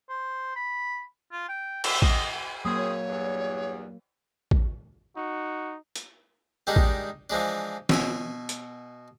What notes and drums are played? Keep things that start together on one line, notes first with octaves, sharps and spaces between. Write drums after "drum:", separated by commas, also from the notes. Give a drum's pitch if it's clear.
C5
B5
F4
G5
E5, drum: cymbal
D#5, drum: kick
F#3 A#3 C4 C#4 G#4
C#5
E2 G2
drum: kick
D#4 F#4
drum: hi-hat
D#3 G3 G#3 D4
drum: kick
E3 F3 G#3 D4
B2 E5 G#5, drum: snare
drum: hi-hat